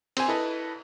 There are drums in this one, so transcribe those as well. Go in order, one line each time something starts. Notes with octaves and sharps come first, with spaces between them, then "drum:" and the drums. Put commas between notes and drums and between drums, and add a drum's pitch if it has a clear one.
C4 C5 G#5, drum: cymbal
E4 A4 B4 D#5